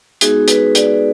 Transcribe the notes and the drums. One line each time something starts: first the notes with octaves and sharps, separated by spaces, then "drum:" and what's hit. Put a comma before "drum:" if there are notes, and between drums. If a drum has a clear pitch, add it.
G#3 B3 D#4 F#4 G#4, drum: hi-hat
B4, drum: hi-hat
D5, drum: hi-hat